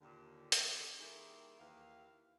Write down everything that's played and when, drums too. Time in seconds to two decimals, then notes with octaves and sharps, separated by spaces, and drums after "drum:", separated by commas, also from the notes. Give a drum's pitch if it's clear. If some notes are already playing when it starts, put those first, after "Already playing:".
0.01 D#2 A#2 D3
0.52 E3 G4 D#5 E5, drum: hi-hat
0.69 D#3 C4 D#4 G4 A4 D5
0.99 D#3 G3 A#3 E4 G#4
1.60 D#2 E3 F5